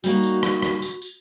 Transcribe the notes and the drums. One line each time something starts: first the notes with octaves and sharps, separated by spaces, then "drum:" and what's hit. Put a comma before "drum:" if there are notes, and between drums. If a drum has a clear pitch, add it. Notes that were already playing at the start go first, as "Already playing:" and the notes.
G3 A#3 D#4 F#4, drum: tambourine
drum: tambourine
drum: rim click
drum: rim click
drum: tambourine
drum: tambourine